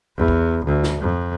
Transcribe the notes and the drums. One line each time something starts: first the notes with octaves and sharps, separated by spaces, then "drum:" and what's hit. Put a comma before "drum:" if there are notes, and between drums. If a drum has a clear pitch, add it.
E2
drum: kick A#1
D2
drum: snare
F2